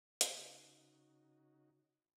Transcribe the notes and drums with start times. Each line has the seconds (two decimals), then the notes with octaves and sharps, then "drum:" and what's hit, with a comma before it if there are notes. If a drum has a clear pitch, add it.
0.21 drum: hi-hat
0.31 C#3 D#4 F#4